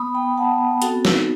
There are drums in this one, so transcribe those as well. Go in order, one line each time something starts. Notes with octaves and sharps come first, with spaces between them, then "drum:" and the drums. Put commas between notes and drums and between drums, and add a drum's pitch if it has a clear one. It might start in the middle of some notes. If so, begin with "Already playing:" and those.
Already playing: B3 B5 D#6
B3 G5 B5
B3 F#5 A5
B3
C4 F#4 A4, drum: hi-hat
D#4, drum: snare